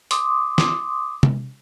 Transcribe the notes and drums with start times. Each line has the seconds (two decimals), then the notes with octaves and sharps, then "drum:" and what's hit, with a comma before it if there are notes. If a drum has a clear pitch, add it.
0.11 C6 D6 D#6, drum: hi-hat
0.58 drum: snare
1.23 drum: tom